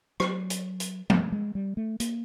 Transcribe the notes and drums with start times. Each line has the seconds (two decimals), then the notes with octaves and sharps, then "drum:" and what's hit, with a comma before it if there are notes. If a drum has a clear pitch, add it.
0.20 F#3, drum: rim click
0.50 drum: hi-hat
0.80 drum: hi-hat
1.10 A3, drum: tom
1.32 G#3
1.55 G3
1.77 A3
2.00 A#3, drum: hi-hat